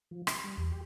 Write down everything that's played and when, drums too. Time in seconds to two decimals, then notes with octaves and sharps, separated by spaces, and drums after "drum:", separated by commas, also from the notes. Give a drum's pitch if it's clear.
0.11 F3
0.27 B5, drum: rim click
0.44 G3
0.57 E2
0.72 G4